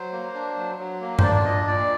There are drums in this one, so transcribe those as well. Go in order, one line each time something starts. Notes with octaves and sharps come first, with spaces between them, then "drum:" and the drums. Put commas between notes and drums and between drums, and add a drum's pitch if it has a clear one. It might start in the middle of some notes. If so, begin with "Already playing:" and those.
Already playing: F#3 C5
A#3
D4
F#3
F#3
A#3
C5, drum: tom G2
D4 D5
D5
A#2 D#5
A#2 D5